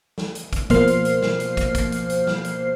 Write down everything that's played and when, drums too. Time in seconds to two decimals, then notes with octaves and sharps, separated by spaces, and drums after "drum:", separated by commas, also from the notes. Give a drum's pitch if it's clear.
0.18 drum: snare
0.35 drum: hi-hat
0.53 drum: kick, hi-hat
0.70 B2 F3 A#3 C5 F6 C7, drum: kick, hi-hat
0.87 drum: hi-hat
1.05 drum: hi-hat
1.22 drum: snare
1.40 drum: hi-hat
1.57 drum: kick, hi-hat
1.75 drum: kick, hi-hat
1.92 drum: hi-hat
2.10 drum: hi-hat
2.27 drum: snare
2.45 drum: hi-hat